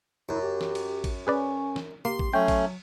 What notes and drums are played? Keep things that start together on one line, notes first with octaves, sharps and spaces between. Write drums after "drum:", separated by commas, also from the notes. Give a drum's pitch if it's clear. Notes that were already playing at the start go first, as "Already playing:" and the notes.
F#2 E4
G4
drum: snare
drum: cymbal
drum: kick A1, cymbal
C#4 G#4 B4 D5
drum: snare
A#3 G4 C6
drum: kick A1
F#3 A3 C#4 G5
drum: kick A1, cymbal